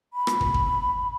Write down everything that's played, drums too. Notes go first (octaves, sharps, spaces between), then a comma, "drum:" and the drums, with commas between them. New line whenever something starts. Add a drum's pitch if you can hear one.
B5
drum: rim click
drum: kick
drum: kick